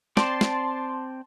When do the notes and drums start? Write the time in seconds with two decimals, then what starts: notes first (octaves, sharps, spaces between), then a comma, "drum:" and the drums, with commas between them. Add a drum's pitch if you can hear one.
0.17 C4 D5 A5 C6, drum: snare
0.41 drum: snare